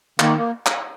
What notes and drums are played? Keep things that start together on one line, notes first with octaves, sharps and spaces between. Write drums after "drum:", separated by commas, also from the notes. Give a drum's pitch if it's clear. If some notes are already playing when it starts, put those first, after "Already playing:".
D#3 A#3, drum: clap
A#3
drum: clap